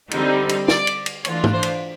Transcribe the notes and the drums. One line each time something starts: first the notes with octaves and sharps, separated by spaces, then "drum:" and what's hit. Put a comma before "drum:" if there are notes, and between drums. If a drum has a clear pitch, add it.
D3 G3 C4 D#4, drum: cymbal
drum: cymbal
D5, drum: snare
drum: cymbal
drum: cymbal
E3 A3 D4 F4 C#5, drum: cymbal
drum: tom G#2
C5
drum: cymbal